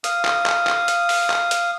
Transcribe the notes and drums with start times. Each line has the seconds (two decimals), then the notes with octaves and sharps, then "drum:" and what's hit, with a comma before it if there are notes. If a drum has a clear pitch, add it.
0.04 F5 D#6, drum: hi-hat
0.25 drum: clap
0.46 drum: clap
0.67 drum: clap
0.88 drum: hi-hat
1.09 drum: open hi-hat
1.30 drum: clap
1.51 drum: hi-hat